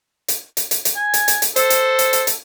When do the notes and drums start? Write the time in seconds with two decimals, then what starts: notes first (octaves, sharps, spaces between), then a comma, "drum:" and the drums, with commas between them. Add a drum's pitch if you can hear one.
0.28 drum: hi-hat
0.57 drum: hi-hat
0.71 drum: hi-hat
0.85 drum: hi-hat
0.96 G#5
1.14 drum: hi-hat
1.28 drum: hi-hat
1.42 drum: hi-hat
1.56 A4 C5, drum: hi-hat
1.70 drum: hi-hat
1.99 drum: hi-hat
2.13 drum: hi-hat
2.27 drum: hi-hat